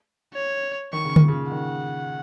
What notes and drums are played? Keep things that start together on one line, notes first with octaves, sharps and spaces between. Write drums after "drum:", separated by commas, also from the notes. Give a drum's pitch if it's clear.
C#5
D#3 C#6
C#3
A#2, drum: tom D3
C#3
D#3 F#5